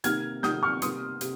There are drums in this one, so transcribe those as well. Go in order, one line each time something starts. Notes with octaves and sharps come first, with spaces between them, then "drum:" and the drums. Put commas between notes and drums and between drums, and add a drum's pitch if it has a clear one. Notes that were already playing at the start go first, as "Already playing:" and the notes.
C3 D#3 A#3 F6 G#6, drum: hi-hat
C3 D#3 A#3 D#6 G6, drum: snare
C#6 F6
C3 G3 A#3 C6 D#6, drum: hi-hat
C3, drum: hi-hat